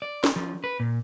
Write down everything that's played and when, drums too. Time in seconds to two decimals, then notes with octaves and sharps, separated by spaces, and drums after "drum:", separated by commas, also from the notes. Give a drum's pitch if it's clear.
0.02 D5
0.24 drum: snare
0.36 F3
0.64 B4
0.80 A#2